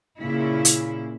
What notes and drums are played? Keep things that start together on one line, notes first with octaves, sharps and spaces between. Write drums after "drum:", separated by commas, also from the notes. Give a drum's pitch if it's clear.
A#2 C#3 E4
drum: hi-hat